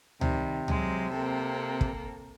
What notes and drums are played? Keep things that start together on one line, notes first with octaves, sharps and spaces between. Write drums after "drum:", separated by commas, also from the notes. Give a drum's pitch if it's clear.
C3 D#3 G3, drum: tom C#2
F#3 G#3, drum: tom C#2
A#3 C4 A4
drum: kick